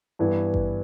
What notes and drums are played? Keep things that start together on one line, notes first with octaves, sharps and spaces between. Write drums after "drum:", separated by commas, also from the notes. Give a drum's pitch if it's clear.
G2 E3 B3
drum: kick G#1